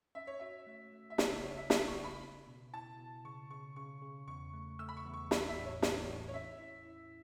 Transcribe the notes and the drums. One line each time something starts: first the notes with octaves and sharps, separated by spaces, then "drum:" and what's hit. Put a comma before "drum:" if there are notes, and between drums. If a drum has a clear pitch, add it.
C#4 E5
C#5
F#4 E5
A3
A3
E5
C#3 C#5, drum: snare
E5
C#3 C#5
E5
E4 E5, drum: snare
C#6
C#3
B5
B3
B2
E4 A5
B2
C#3 C#6
C#3 C#6
C#3 C#6
C#3
E2 C#6
A3
A3 E6
B5
C#6
E2
C#6
E3 B5, drum: snare
E5
A2
C#5
E3, drum: snare
A2
C#5
C#4 E5
E4
E4